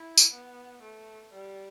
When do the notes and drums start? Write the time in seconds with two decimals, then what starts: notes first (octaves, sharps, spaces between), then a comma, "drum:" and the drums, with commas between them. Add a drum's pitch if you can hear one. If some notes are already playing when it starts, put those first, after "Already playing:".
Already playing: E4
0.18 drum: tambourine
0.32 B3
0.83 A3
1.33 G3